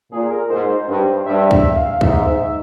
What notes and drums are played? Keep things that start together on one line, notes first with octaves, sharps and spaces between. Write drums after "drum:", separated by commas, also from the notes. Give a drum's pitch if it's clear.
A#2 G#4
A#4
G#2 C5
G2
G2 E5
E5, drum: kick C#2
F5
F5
G#2 E5, drum: kick C#2
E5